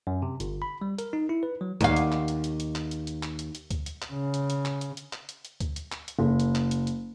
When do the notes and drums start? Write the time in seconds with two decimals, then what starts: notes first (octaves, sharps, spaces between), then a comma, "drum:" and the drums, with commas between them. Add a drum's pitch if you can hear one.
0.07 F#2
0.22 C3
0.40 G1, drum: hi-hat
0.62 B5
0.81 G3
0.99 A#4, drum: hi-hat
1.13 D#4
1.29 E4
1.43 B4
1.61 F#3
1.81 D#2 F5, drum: kick D2, hi-hat
1.96 drum: hi-hat
2.12 drum: clap
2.28 drum: hi-hat
2.44 drum: hi-hat
2.60 drum: hi-hat
2.76 drum: clap
2.91 drum: hi-hat
3.07 drum: hi-hat
3.23 drum: clap
3.39 drum: hi-hat
3.55 drum: hi-hat
3.71 drum: kick D2, hi-hat
3.86 drum: hi-hat
4.02 drum: clap
4.12 C#3
4.34 drum: hi-hat
4.50 drum: hi-hat
4.65 drum: clap
4.81 drum: hi-hat
4.97 drum: hi-hat
5.13 drum: clap
5.29 drum: hi-hat
5.45 drum: hi-hat
5.60 drum: kick D2, hi-hat
5.76 drum: hi-hat
5.92 drum: clap
6.08 drum: hi-hat
6.19 F#1
6.40 drum: hi-hat
6.55 drum: clap
6.71 drum: hi-hat
6.87 drum: hi-hat